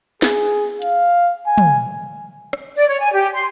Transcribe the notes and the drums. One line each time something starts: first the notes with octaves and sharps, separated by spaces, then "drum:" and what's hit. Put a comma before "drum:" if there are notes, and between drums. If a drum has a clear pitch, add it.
G#4, drum: snare
F5, drum: hi-hat
G#5
drum: tom
drum: rim click
D5
C#5
G#5
G4
C6